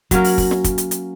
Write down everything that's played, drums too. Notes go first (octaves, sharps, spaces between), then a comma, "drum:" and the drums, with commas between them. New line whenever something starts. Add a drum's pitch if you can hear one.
F#3 A#3 C#4 A#4, drum: kick, hi-hat
drum: open hi-hat
drum: kick, open hi-hat
drum: snare
drum: kick, hi-hat
drum: hi-hat
drum: hi-hat